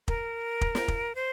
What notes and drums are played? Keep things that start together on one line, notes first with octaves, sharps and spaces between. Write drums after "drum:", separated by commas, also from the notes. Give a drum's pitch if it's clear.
A#4, drum: kick
drum: kick
drum: snare
drum: kick
C5